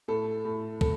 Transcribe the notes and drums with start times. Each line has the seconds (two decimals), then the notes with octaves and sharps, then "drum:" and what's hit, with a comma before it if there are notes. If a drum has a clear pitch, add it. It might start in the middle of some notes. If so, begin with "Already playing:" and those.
0.08 A2 A4
0.45 A2
0.81 A2 A4, drum: kick